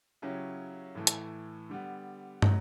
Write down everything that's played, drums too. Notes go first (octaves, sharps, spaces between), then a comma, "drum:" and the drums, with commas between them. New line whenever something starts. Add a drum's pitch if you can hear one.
C#3 F#3 C#4 E4 G4
A2 E3 A3
drum: hi-hat
D3 G3 B3
F#3, drum: tom